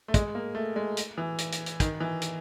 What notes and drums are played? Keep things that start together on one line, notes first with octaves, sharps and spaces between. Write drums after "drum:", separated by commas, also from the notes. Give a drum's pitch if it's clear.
A3
G#3, drum: kick, hi-hat
A#3
A3
G#3
drum: hi-hat
E3
drum: hi-hat
drum: hi-hat
drum: hi-hat
D#3, drum: kick, hi-hat
E3
drum: hi-hat